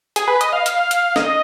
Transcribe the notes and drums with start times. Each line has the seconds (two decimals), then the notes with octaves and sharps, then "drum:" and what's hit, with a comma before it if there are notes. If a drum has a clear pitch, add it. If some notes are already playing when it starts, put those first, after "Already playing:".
0.16 G#4, drum: hi-hat
0.28 B4
0.41 D#5, drum: hi-hat
0.53 F5
0.66 drum: hi-hat
0.91 drum: hi-hat
1.16 D#5, drum: snare